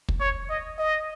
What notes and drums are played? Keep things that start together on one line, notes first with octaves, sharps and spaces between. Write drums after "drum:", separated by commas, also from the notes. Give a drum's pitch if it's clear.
drum: kick
C#5
D#5
D#5